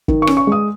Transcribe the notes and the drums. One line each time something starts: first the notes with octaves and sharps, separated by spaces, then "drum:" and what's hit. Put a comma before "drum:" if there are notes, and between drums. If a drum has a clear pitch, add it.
D#3, drum: kick
C#6
C#4, drum: rim click
C#6
G#3 D#6